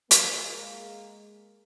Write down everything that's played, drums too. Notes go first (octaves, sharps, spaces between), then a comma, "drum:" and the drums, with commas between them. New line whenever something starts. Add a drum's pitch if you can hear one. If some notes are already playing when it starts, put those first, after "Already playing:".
G#3 A#3, drum: hi-hat